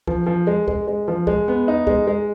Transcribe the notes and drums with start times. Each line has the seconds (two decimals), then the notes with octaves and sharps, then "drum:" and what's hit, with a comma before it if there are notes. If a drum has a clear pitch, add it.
0.07 F3, drum: kick C#2
0.26 F3
0.47 G#3
0.68 G#3, drum: kick C#2
0.87 G#3
1.08 F3
1.27 G#3, drum: kick C#2
1.48 B3
1.68 D#4
1.87 G#3, drum: kick C#2
2.07 G#3